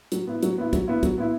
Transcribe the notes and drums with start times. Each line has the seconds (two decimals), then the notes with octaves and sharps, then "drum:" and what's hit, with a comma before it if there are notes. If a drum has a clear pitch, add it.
0.12 F#3, drum: hi-hat
0.27 B3 E4
0.43 F#3, drum: hi-hat
0.58 B3 E4
0.73 F#3, drum: kick, hi-hat
0.88 B3 E4
1.03 F#3, drum: kick, hi-hat
1.18 B3 E4